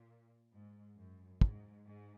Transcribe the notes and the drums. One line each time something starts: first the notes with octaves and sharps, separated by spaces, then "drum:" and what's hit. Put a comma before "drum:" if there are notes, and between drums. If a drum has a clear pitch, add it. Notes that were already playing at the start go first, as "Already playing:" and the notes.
Already playing: A#2
G#2
F#2
G#2, drum: kick
G#2